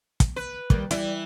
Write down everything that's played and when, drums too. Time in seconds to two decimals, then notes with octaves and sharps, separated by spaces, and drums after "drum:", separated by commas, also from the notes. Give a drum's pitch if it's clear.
0.20 drum: kick, hi-hat
0.36 B4
0.70 D#3 G3 A#3, drum: kick
0.91 E3 G3 E4, drum: hi-hat